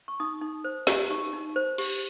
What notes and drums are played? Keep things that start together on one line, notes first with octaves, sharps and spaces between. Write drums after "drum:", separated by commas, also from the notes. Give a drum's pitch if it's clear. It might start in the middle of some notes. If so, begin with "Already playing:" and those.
C#6
D#4 D#6
D#4
C5
G4, drum: snare
D#4 C#6
D#4
C5
G4, drum: cymbal